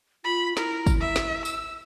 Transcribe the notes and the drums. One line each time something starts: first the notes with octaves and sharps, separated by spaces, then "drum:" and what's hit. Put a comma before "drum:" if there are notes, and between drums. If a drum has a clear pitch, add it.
F4 B5
E4 A#4, drum: snare
drum: kick, tambourine
E5
drum: snare
E6, drum: tambourine